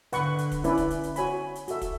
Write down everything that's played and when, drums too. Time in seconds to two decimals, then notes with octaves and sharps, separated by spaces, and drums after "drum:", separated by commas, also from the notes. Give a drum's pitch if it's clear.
0.13 D3 B4 F#5 C#6, drum: hi-hat
0.38 drum: hi-hat
0.51 drum: kick, hi-hat
0.64 C#4 E4 B4 D5, drum: hi-hat
0.77 drum: kick, hi-hat
0.90 drum: hi-hat
1.03 drum: hi-hat
1.16 F#4 C#5 G#5 B5, drum: hi-hat
1.55 drum: hi-hat
1.68 F#4 A4 E5, drum: hi-hat
1.81 drum: kick, hi-hat